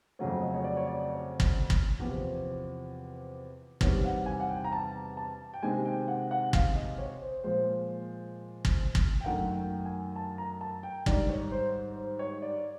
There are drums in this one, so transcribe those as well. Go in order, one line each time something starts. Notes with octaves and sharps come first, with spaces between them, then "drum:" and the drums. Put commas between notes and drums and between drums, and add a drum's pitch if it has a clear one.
F2 C#3 F#3 A3 C#5
D#5
C#5
D5
C#5
D5
C#5
drum: kick
drum: kick
E2 C3 F3
E2 C3 D#3 G3 C#5, drum: kick
F#5
G#5
F#5
G5
A#5
A5
A5
G5
C3 D#3 G#3 G#5
G5
F#5
F#5
F5, drum: kick
D#5
C#5
C5
A#2 F3 G#3 C5
drum: kick
drum: kick
G5
F#2 D#3 F#3 A3 F#5
G5
G#5
A5
A#5
A5
G5
G#2 D#3 G3 D5, drum: kick
C#5
C5
C5
C#5
D5